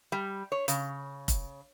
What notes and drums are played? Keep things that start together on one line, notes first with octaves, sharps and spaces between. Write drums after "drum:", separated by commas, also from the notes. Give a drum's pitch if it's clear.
G3
C#5
C#3, drum: hi-hat
drum: kick F1, hi-hat